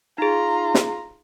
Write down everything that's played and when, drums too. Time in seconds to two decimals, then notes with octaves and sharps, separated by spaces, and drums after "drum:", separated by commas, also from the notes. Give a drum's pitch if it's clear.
0.18 D#4 F4 G#4 A#5
0.74 drum: snare